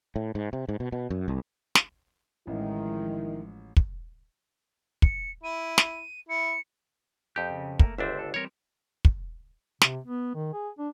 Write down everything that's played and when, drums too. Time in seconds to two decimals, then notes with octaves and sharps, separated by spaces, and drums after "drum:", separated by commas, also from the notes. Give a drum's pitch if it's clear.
0.16 A2
0.35 G#2
0.53 C3
0.69 G#2
0.80 B2
0.92 B2
1.10 F#2
1.28 C2
1.75 drum: snare
2.47 A1 D#3 F3 G#3 E4
3.77 drum: kick
5.02 C#7, drum: kick
5.43 E4 D#7
5.78 drum: snare
6.29 E4 C#7
7.36 F2 G4 G6
7.50 C#3
7.79 A3 A#3 A#4, drum: kick
7.98 G1 C#2 D4 C5 E5
8.19 A4
8.34 E3 G3 C4 A#4 C#5
9.05 drum: kick
9.81 C3, drum: snare
10.04 B3
10.35 D#3
10.53 G#4
10.79 D4